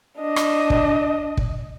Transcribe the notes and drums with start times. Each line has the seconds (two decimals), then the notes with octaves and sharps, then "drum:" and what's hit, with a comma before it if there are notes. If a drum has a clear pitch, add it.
0.20 D4 D#5
0.36 drum: rim click
0.70 drum: kick
1.37 drum: kick